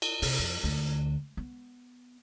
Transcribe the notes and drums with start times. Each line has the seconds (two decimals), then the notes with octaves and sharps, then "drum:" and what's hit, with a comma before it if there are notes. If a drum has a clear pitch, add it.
0.02 drum: cymbal
0.22 C3, drum: open hi-hat
0.39 F2
0.64 D2
1.37 B3